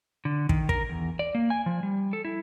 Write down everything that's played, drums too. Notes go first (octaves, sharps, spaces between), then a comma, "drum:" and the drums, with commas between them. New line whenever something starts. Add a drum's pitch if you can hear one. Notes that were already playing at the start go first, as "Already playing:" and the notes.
D3
D#3, drum: kick
A#4, drum: kick
E2
D5
A#3
G#5
F3
G3
A4
E4